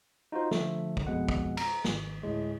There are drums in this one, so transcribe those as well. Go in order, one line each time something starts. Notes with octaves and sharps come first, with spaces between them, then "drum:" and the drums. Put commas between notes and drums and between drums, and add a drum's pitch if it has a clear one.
D#4 F4 F#4 C5
D3 F3 A3, drum: snare
drum: kick
F2 B2 G#3 F#5
drum: kick
A#5, drum: cymbal
G#1, drum: snare
D2 A2 G#3